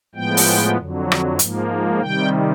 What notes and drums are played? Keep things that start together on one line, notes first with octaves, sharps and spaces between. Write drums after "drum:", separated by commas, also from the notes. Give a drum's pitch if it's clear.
A2 F3 G#3 B3 G5
drum: open hi-hat
F2 D3 F#3
drum: rim click
G#2 F3 A#3, drum: hi-hat
C3 D#3 G3 G5